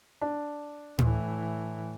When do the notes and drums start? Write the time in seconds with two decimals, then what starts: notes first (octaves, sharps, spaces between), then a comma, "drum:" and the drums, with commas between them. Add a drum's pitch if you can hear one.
0.22 D4
0.99 A2 E3, drum: tom A2